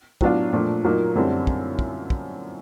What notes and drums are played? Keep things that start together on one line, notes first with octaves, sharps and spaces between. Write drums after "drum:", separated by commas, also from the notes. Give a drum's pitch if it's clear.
A2 F#3 B3 D4 F4, drum: kick
A#2 F3 A3 D4
A#2 F#3 A#3 D#4
F#2 D3 G3 C4 E4
drum: kick
drum: kick
drum: kick